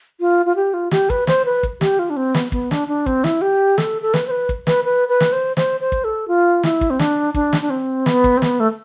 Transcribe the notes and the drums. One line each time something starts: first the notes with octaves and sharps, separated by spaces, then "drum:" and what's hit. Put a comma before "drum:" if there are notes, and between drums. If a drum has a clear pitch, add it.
F4
F4
G4
F4
G4, drum: snare
B4, drum: kick
C5, drum: snare
B4
drum: kick
G4, drum: snare
F4
D4
C4
B3, drum: snare
B3, drum: kick
D4, drum: snare
D4
C4, drum: kick
E4, drum: snare
G4
A4, drum: snare
A4
B4, drum: snare
C5
B4
drum: kick
B4, drum: snare
B4
B4
drum: snare
C5
C5, drum: snare
C5
drum: kick
A4
F4
E4, drum: snare
drum: kick
C4
D4, drum: snare
D4, drum: kick
drum: snare
D4
C4
B3, drum: snare
drum: kick
C4
B3, drum: snare
A3